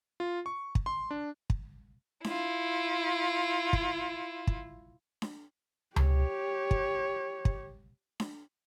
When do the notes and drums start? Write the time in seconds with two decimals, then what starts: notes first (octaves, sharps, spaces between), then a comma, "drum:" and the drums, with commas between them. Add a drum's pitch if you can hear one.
0.20 F4
0.46 C#6
0.75 drum: kick
0.86 C6
1.11 D4
1.50 drum: kick
2.24 E4 F4, drum: snare D4
3.73 drum: kick
4.47 drum: kick
5.22 drum: snare D4
5.96 G4 C#5, drum: tom C#2
6.71 drum: kick
7.45 drum: kick
8.20 drum: snare D4